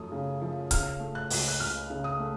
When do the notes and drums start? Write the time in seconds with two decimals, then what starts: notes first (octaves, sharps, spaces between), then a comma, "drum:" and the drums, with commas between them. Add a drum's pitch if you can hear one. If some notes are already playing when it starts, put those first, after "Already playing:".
Already playing: F#2 F3 A3 D#6
0.12 C#3
0.41 F3
0.71 C#3 F6, drum: kick C#1, hi-hat
1.00 A3
1.15 F#6
1.30 C#2, drum: open hi-hat
1.48 F#6
1.60 C#2 F6
1.90 C#3
2.04 D#6
2.20 A3